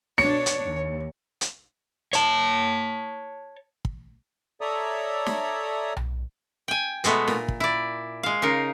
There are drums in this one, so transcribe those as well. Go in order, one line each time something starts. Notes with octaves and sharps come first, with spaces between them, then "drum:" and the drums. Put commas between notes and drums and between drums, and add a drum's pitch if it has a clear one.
B2 D4 C#5 C#7, drum: snare
drum: hi-hat
D#2
drum: hi-hat
C#5 A5, drum: hi-hat
drum: kick
A4 C#5 D5 E5 A#5 D#6
drum: snare
drum: tom B1
G5 G#5
B2 G#3 A3 B3, drum: hi-hat
A#2, drum: snare
drum: kick
E4 D5
G#3 F5
C#3 D#4 A#4